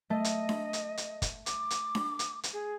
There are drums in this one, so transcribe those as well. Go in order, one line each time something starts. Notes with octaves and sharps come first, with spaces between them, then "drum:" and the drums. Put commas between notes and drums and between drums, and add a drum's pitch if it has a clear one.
A3 D#5
drum: hi-hat
drum: snare D4
drum: hi-hat
drum: hi-hat
drum: kick, hi-hat
D6, drum: hi-hat
drum: hi-hat
drum: snare D4
drum: hi-hat
drum: hi-hat
G#4